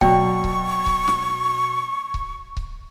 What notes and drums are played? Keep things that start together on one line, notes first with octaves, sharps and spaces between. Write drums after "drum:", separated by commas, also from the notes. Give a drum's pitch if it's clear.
B2 F#3 D5 G5 C#6, drum: kick C#1
drum: kick C#1
drum: kick C#1
drum: snare
drum: kick C#1
drum: kick C#1